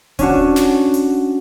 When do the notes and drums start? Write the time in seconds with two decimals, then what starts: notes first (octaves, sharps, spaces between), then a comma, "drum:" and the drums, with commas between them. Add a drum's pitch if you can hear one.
0.19 C#4 D4 F#4, drum: kick D#1, hi-hat
0.56 drum: snare
0.94 drum: hi-hat